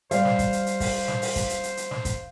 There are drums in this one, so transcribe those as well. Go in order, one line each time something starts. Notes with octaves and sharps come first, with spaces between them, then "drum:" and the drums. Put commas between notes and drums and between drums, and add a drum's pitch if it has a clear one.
G3 C5 F5, drum: hi-hat
drum: snare
drum: kick, hi-hat
drum: hi-hat
drum: hi-hat
drum: kick, open hi-hat
drum: snare
drum: open hi-hat
drum: kick, hi-hat
drum: hi-hat
drum: hi-hat
drum: hi-hat
drum: snare
drum: kick, hi-hat